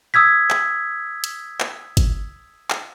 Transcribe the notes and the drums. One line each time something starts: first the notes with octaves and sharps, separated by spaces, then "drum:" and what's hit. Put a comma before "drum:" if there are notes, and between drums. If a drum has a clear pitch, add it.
D#6 E6 G#6 B6
drum: clap
drum: hi-hat
drum: clap
drum: kick, hi-hat
drum: clap